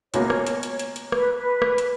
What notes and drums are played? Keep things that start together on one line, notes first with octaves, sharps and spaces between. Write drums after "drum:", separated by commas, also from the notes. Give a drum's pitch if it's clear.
C#2 B2 A#3 C#4 C#5, drum: hi-hat
drum: rim click
drum: hi-hat
drum: hi-hat
drum: hi-hat
drum: hi-hat
B4, drum: rim click
B4
drum: rim click
drum: hi-hat